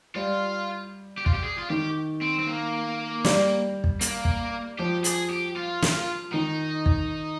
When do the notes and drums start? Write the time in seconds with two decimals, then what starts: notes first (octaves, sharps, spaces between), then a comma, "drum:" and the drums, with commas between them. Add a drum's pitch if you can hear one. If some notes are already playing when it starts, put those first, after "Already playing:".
0.15 G3 F4
1.18 G4
1.26 F4, drum: kick
1.34 G4
1.44 G#4
1.58 F4
1.70 D#3 G4
2.21 C4
2.39 C4
2.47 A#3
3.24 G3, drum: snare
3.84 drum: kick
4.01 A#3, drum: hi-hat
4.25 drum: kick
4.79 F3 G4
5.04 G#4, drum: hi-hat
5.30 G4
5.57 F4
5.82 drum: snare
6.33 D#3 D#4
6.86 drum: kick